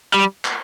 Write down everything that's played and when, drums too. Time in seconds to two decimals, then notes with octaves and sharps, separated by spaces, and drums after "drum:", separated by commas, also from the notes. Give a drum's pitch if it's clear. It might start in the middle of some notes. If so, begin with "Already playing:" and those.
0.14 G3
0.45 drum: clap